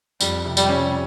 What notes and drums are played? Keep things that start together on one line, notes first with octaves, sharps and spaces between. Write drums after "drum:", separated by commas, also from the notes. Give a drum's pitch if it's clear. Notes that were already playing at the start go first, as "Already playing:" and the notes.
F2 G3, drum: tambourine
C3
G3, drum: tambourine
C#4